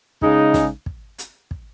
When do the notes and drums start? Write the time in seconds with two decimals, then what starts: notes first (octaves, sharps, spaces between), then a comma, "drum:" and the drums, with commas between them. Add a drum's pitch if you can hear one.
0.21 C#3 G#3 D#4, drum: kick
0.54 drum: snare
0.86 drum: kick
1.19 drum: hi-hat
1.51 drum: kick